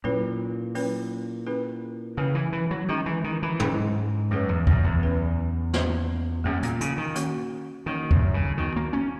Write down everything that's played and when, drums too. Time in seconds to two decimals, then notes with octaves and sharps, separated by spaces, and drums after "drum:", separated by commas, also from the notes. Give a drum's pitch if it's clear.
0.04 A#2 F#3 C#4 E4 B4
0.75 F#3 C#4 E4 B4, drum: open hi-hat
1.47 C#4 E4 G#4 B4
2.17 C#3 C#4 E4 G#4 B4
2.35 E3
2.52 E3
2.71 F#3
2.89 D#3 G#3 C#4 G#4
3.06 E3
3.24 D#3
3.43 E3
3.60 G#2 G#3 C#4 G#4, drum: tom
4.31 F#2 F#3 C#4 G#4 B4
4.49 E2
4.67 F#2, drum: kick D2
4.84 E2
5.02 F#3 C#4 G#4 B4
5.73 A#3 C#4 G#4, drum: snare
6.44 F#2 A#3 C#4 G#4
6.63 A#2, drum: hi-hat
6.81 C#3, drum: hi-hat
6.98 D#3
7.15 A#3 C#4 F#4 C#5, drum: hi-hat
7.86 D#3 A#3 C#4 F#4 C#5
8.11 F#2, drum: kick D2
8.34 C#3
8.58 D#3 B3 F#4 C#5
8.76 A#3
8.93 C#4